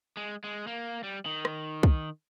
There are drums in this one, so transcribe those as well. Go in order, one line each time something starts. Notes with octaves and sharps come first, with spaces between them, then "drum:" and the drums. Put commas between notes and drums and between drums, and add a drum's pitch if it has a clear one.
G#3
G#3
A#3
G3
D#3
drum: rim click
drum: kick